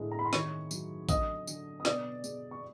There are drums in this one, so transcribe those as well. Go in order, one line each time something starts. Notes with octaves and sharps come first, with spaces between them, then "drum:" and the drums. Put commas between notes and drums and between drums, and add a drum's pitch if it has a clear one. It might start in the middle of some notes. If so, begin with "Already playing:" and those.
Already playing: A2 D3 G#3
A#5
B5
C6
D#3 C#5 C#6, drum: snare
F#3, drum: tambourine
D3 D#5 D#6, drum: kick A1, tambourine
D3, drum: tambourine
D#6
B2 D5 D6, drum: snare
G#3, drum: tambourine
C#6